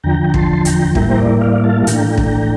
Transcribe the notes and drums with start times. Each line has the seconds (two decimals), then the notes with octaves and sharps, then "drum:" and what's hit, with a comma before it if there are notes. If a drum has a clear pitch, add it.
0.04 E2 D3 F3 G5 A#5
0.30 A#5
0.34 A5 C6, drum: kick
0.65 G5 A#5, drum: hi-hat
0.95 A2 G3 A#3 E4 G5 A#5, drum: kick
1.10 C5
1.18 A#4 D5
1.41 D5 F5
1.64 F5 A5
1.87 A2 E3 A3 D4 G5 A#5, drum: hi-hat
2.17 drum: kick